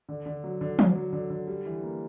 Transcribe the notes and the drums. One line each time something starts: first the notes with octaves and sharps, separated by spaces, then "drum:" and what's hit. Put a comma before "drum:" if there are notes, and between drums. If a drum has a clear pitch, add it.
D3
D3
F#3
D3
D3, drum: tom
F#3
D3
D3
G3
E3
A#3